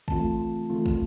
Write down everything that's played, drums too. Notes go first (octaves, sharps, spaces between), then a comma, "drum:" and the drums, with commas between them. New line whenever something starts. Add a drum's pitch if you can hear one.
C#3 E3 A3 C4 F4 A5, drum: kick
C#3 E3 A3 C4 F4
drum: kick